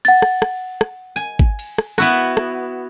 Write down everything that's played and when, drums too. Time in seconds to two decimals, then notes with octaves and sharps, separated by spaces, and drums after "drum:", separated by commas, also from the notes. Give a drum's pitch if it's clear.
0.05 F#5 A6, drum: cymbal
0.22 drum: rim click
0.42 drum: rim click
0.81 drum: rim click
1.16 G#5
1.39 drum: kick G#1
1.59 drum: cymbal
1.78 drum: rim click
1.98 B3 E4 F#4, drum: rim click
2.37 drum: rim click